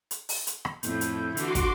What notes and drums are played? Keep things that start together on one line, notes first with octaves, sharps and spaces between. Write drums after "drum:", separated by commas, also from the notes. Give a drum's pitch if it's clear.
drum: hi-hat
drum: open hi-hat
drum: hi-hat
drum: rim click
F2 A2 E4 G6, drum: hi-hat
drum: hi-hat
D3 E3 F#4 C6 D6, drum: hi-hat
drum: kick, hi-hat